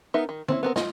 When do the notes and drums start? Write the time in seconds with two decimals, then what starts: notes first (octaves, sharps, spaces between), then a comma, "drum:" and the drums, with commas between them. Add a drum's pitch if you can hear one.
0.14 B3 D#4 A#4 E5
0.29 D#3
0.48 C4 C#4 E4, drum: tom D3
0.63 B3 C4 A#4
0.76 F4 D#5, drum: snare